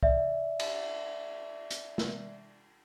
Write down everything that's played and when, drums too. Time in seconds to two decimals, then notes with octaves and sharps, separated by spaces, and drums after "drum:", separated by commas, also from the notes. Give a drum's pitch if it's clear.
0.03 D5 E5, drum: kick
0.60 drum: cymbal
1.71 drum: hi-hat
1.98 drum: snare